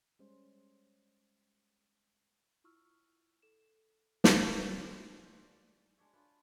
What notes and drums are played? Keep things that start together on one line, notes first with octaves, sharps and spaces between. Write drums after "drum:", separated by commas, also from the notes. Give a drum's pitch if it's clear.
G3 G#3 C#4 C5
E4 F4 C#6 E6 F6
A4 E7
drum: snare
G#3 G4 G#4 C5
G#3 D#4 E4 F#4
C5
D5
G#3 D4 C#5 E5
D4 F4 B4